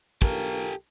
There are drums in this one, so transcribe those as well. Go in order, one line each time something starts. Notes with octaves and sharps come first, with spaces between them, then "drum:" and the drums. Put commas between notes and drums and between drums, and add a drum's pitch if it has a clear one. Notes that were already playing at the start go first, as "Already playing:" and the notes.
B1 F4 G4 A4 A#4, drum: kick